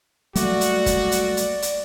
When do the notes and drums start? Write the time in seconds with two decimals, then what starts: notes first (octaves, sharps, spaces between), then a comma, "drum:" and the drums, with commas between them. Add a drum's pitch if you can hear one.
0.35 F#3 G3 A3 A#3 F#4 D5, drum: hi-hat
0.61 drum: hi-hat
0.86 drum: kick F#1, hi-hat
1.12 drum: hi-hat
1.37 drum: hi-hat
1.62 drum: hi-hat